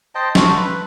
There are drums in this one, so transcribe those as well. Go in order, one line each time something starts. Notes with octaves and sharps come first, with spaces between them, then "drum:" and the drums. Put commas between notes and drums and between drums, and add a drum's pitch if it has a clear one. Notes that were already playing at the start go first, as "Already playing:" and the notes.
C5 D#5 G5 A5
F4 F#4 A4, drum: snare
B4